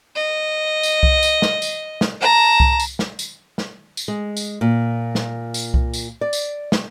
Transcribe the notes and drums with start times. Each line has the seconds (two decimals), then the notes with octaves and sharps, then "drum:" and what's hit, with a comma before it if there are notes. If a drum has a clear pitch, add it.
0.16 D#5
0.83 drum: tambourine
1.03 drum: kick C2
1.23 drum: tambourine
1.42 drum: snare
1.62 drum: tambourine
2.01 drum: snare
2.21 A5 A#5
2.60 drum: kick C2
2.80 drum: tambourine
2.99 drum: snare
3.19 drum: tambourine
3.58 drum: snare
3.97 drum: tambourine
4.08 G#3
4.37 drum: tambourine
4.61 A#2
5.15 drum: snare
5.54 drum: tambourine
5.74 drum: kick C2
5.94 drum: tambourine
6.21 D5
6.33 drum: tambourine
6.72 drum: snare